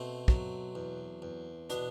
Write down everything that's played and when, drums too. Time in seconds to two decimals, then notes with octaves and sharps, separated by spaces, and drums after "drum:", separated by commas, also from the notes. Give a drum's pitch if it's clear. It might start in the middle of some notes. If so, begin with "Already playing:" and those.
Already playing: B2 A3 C4
0.28 F#3, drum: kick
0.75 E2
1.22 E2
1.70 B2 B3 D4, drum: hi-hat